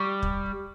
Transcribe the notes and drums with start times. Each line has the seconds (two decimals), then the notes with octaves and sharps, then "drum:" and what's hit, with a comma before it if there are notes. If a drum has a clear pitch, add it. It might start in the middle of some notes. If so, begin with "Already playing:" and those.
Already playing: G3 C#6
0.22 drum: kick